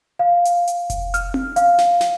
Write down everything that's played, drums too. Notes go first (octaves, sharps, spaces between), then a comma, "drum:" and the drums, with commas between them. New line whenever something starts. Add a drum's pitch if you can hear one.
F5
drum: hi-hat
drum: hi-hat
drum: kick F1, hi-hat
F6, drum: hi-hat
drum: tom C4
F5, drum: hi-hat
drum: snare
drum: snare